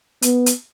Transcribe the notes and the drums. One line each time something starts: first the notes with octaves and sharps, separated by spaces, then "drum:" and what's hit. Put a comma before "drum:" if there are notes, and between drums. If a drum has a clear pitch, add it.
B3, drum: hi-hat
drum: hi-hat